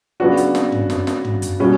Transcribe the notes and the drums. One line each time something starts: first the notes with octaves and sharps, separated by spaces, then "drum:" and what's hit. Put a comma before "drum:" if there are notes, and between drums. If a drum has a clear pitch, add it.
C#3 F#3 B3 D4 F#4
drum: hi-hat
drum: snare
drum: tom
drum: snare
drum: snare
drum: tom
drum: hi-hat
B2 G3 C#4